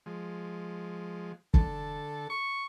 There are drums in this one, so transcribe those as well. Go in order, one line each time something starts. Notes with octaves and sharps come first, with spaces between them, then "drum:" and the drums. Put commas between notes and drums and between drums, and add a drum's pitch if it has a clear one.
F3 G#3
D3 A4, drum: kick
C#6